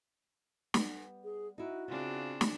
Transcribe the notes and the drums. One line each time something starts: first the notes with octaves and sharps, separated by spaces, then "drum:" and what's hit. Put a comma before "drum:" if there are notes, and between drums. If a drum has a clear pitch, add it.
G3 B3, drum: snare
G#4
D#4 E4 F#4
C#3 C4 D4 F4
drum: snare